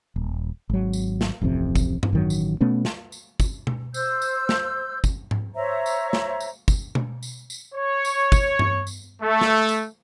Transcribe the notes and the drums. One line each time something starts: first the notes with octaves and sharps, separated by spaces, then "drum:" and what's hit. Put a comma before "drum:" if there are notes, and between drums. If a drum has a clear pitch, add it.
D#1
G#1 F#3
drum: tambourine
drum: snare
D1 A1 F2 C3
drum: kick, tambourine
drum: tom G2
A1 D#3 F#3
drum: tambourine
B2 A3 B3 C#4
drum: snare
drum: tambourine
drum: kick, tambourine
drum: tom B2
C5 E6 G6, drum: tambourine
drum: tambourine
drum: snare
drum: kick, tambourine
drum: tom G#2
C5 C#5 E5 A#5
drum: tambourine
drum: snare
drum: tambourine
drum: kick, tambourine
drum: tom B2
drum: tambourine
drum: tambourine
C#5
drum: tambourine
drum: kick, tambourine
drum: tom G2
drum: tambourine
A3
drum: snare
drum: tambourine